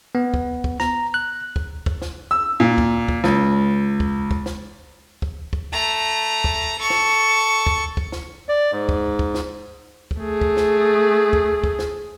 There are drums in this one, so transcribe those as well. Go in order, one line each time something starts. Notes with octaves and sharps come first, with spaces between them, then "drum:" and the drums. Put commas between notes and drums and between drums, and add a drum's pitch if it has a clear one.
B3
drum: kick
drum: kick
A#5, drum: snare
F#6
drum: kick
drum: kick
drum: snare
E6
A#2
drum: kick
drum: kick
C#2, drum: snare
drum: kick
drum: kick
drum: snare
drum: kick
drum: kick
A3 A#5
drum: kick
A4 C#6
drum: snare
drum: kick
drum: kick
drum: snare
D5
G#2
drum: kick
drum: kick
drum: snare
drum: kick
A3 G#4
drum: kick
drum: snare
drum: kick
drum: kick
drum: snare